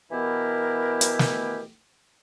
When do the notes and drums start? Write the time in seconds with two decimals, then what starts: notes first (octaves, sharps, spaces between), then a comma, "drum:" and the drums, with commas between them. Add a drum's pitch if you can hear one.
0.12 B2 E3 B3 E4 G4 A#4
1.01 drum: hi-hat
1.19 drum: snare